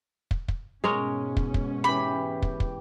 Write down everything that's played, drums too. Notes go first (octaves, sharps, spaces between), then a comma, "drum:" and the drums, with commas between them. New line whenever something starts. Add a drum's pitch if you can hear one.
drum: kick
drum: kick
G#2 B2 G#3 C#4 A#4 C#5
drum: kick
drum: kick
E3 G4 B5
drum: kick
drum: kick